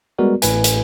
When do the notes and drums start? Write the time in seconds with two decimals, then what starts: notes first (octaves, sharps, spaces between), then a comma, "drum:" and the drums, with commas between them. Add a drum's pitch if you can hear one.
0.18 G3 G#3 B3 F#4 A#4 D5
0.42 A1 A2 B4 G#5, drum: hi-hat
0.64 drum: hi-hat